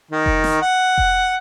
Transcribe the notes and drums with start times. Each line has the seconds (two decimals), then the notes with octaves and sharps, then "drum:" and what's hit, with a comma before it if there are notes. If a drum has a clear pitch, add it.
0.11 D#3
0.26 drum: kick F1
0.44 drum: snare
0.62 F#5
0.98 drum: kick F1